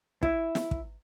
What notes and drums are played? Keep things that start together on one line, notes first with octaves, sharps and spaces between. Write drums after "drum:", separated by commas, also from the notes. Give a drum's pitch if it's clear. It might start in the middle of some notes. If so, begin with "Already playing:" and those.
E4, drum: kick
drum: snare
drum: kick